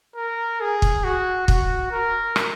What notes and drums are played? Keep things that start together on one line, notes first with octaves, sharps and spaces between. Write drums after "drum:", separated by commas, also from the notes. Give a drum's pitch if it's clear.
A#4
G#4
drum: kick
F#4
F#4, drum: kick
A#4
drum: rim click